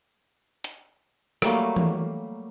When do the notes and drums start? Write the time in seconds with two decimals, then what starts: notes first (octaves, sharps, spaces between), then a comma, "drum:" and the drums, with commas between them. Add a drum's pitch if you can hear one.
0.64 drum: hi-hat
1.42 F#3 G3 A3 A#3, drum: rim click
1.76 drum: tom E3